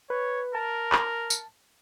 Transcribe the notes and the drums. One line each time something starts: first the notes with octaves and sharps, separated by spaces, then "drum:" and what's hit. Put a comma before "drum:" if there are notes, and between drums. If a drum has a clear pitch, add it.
B4 C#5
A#4 A5
drum: clap
drum: tambourine